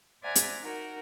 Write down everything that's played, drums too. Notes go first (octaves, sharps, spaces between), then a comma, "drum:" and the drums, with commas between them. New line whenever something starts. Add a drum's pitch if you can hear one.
C5 D5 E5 F#5 G#5 A#5
drum: hi-hat
D#4 F#4 A#4